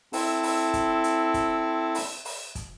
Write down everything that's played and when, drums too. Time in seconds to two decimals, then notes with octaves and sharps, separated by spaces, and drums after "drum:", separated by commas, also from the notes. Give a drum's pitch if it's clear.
0.13 C4 E4 A4, drum: open hi-hat
0.43 drum: open hi-hat
0.74 drum: kick, hi-hat
1.04 drum: hi-hat
1.34 drum: kick, hi-hat
1.95 drum: open hi-hat
2.25 drum: open hi-hat
2.55 drum: kick, hi-hat